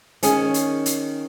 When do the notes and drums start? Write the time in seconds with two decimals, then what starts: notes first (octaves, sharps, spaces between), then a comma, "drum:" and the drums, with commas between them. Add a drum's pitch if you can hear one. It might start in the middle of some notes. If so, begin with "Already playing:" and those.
0.23 D#3 C#4 G#4, drum: hi-hat
0.54 drum: hi-hat
0.86 drum: hi-hat